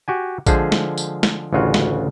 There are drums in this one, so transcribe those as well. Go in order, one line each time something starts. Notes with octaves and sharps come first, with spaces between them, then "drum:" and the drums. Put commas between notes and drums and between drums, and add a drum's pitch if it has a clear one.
F#4 G4 G#5
D3 F3 G#3 G#4 C5, drum: kick, tambourine
drum: snare
drum: tambourine
drum: snare
A1 D2 C#3 F4 F#4
drum: snare